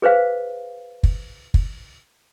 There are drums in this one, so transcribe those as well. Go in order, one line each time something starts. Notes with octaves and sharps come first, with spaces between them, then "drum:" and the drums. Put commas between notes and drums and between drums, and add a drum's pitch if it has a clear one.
G#4 B4 C5 F5
drum: kick
drum: kick